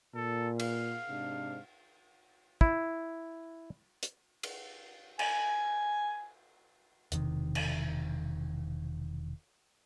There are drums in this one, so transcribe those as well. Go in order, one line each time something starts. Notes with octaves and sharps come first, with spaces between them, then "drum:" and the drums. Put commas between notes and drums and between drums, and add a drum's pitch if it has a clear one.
A#2 A4
F5, drum: cymbal
G#2 C3 D4
E4, drum: kick
drum: hi-hat
drum: cymbal
G#5, drum: cymbal
E1 C3 D#3, drum: hi-hat
drum: cymbal